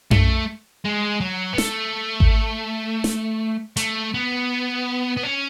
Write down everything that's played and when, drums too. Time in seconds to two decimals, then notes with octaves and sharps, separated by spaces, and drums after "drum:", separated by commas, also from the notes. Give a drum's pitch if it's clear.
0.11 A3, drum: tom F#2
0.85 G#3
1.20 F#3
1.53 B3
1.58 A3, drum: snare
2.20 drum: kick G#1
3.04 drum: snare
3.77 A3, drum: hi-hat
4.14 B3
5.17 B3
5.23 C#4